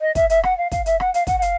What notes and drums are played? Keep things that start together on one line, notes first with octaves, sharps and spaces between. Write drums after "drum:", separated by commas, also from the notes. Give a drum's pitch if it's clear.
D#5
E5, drum: kick, hi-hat
E5, drum: hi-hat
F#5, drum: rim click
F5
F5, drum: kick, hi-hat
E5, drum: hi-hat
F#5, drum: rim click
F5, drum: hi-hat
F#5, drum: kick, hi-hat
F#5
F5, drum: hi-hat